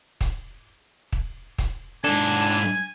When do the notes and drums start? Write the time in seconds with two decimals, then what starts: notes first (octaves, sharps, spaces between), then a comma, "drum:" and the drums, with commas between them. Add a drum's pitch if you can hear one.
0.21 drum: kick, hi-hat
1.12 drum: kick
1.58 drum: kick, hi-hat
2.04 G#2 D4 A4 G#5, drum: hi-hat
2.50 drum: hi-hat